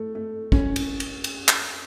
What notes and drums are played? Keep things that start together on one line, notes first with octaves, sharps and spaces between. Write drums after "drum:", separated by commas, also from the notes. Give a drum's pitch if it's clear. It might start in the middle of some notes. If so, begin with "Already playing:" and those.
Already playing: A3
A3
C#4, drum: kick
drum: cymbal
drum: cymbal
drum: cymbal
drum: clap